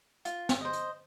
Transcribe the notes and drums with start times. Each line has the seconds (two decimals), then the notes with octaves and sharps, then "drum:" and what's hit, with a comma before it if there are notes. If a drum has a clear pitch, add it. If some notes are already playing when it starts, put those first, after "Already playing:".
0.25 F4, drum: hi-hat
0.49 drum: snare
0.61 C5 D#5
0.73 drum: hi-hat